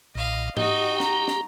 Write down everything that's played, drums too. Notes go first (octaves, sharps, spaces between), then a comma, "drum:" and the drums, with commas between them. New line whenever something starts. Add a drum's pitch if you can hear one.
B1 A#2 D#5 F5
D#4 F#4 G4 D#5 G5, drum: tom G#2
A#5, drum: snare
drum: snare